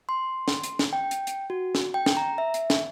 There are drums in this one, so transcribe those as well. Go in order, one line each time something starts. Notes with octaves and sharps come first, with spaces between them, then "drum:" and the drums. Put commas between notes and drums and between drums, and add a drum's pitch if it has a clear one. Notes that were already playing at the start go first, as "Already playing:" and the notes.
C6
drum: snare
drum: hi-hat
drum: snare
G5
drum: hi-hat
drum: hi-hat
F#4
drum: snare
G5
drum: snare
A#5
E5
drum: hi-hat
drum: snare